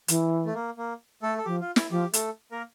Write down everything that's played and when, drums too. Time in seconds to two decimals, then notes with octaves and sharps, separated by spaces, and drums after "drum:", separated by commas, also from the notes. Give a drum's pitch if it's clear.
0.08 E3, drum: hi-hat
0.46 A3
0.54 A#3
0.77 A#3
1.23 A3 A4
1.38 A4
1.45 F3 G4
1.61 F4
1.76 E4, drum: snare
1.90 F3 G4
2.13 A3 A4, drum: hi-hat
2.52 A#3 A#4